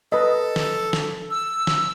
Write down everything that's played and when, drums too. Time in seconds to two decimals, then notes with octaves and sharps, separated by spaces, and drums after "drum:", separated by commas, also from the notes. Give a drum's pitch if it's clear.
0.12 A4 B4 D#5
0.56 drum: snare
0.93 drum: snare
1.30 E6
1.67 drum: snare